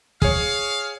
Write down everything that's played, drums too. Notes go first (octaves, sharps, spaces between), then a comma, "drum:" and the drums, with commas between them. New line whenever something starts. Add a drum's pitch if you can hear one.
G#4 C#5 F5, drum: kick